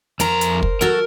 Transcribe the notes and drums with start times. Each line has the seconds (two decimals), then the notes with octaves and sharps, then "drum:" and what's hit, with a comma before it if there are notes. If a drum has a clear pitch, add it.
0.20 F2 A#4 C5 A#5, drum: hi-hat
0.41 drum: hi-hat
0.63 drum: kick
0.81 F#3 F#4 A4 A#4